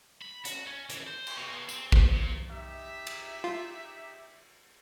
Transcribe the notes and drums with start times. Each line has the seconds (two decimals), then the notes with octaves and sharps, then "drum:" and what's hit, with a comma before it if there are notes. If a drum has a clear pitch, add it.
0.22 B5
0.45 F#4, drum: hi-hat
0.67 C#4
0.90 E3, drum: hi-hat
1.07 C5
1.27 drum: cymbal
1.37 B2
1.69 C4, drum: tambourine
1.92 F3, drum: kick G#1
2.09 A#2
2.49 D#4 G4 E5
3.07 drum: cymbal
3.44 F4